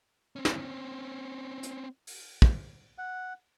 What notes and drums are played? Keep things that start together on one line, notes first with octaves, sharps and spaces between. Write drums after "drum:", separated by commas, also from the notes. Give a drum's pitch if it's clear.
C4 C#4
drum: snare
drum: hi-hat
drum: open hi-hat
drum: kick
F#5